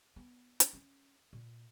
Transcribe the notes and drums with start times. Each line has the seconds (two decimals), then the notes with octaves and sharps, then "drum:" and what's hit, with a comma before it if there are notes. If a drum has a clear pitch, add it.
0.16 B3
0.60 drum: hi-hat
0.73 C#4
1.33 A#2